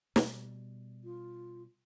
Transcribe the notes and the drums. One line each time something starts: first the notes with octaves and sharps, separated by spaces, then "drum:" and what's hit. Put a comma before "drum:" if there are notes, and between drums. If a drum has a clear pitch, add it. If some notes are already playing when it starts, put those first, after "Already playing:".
B2 G3, drum: snare
F4